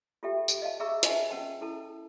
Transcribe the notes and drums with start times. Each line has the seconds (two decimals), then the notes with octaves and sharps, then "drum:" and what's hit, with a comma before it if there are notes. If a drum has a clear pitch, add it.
0.23 F4 G4 A4 E5 G5
0.48 drum: tambourine
0.62 D#5 F5 A5
0.80 G#4 E5 A#5 C#6 E6
1.03 F4 D#5 E5 G#5 A5, drum: hi-hat
1.30 C#4 A#4 F#5 G5 A5
1.61 E4 A4 A#4 A5